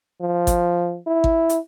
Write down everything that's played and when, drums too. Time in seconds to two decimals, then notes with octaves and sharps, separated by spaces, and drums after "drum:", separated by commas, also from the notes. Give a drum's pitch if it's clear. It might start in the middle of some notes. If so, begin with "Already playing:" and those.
0.21 F3
0.47 drum: kick G#1, hi-hat
1.07 E4
1.24 drum: kick G#1
1.49 drum: hi-hat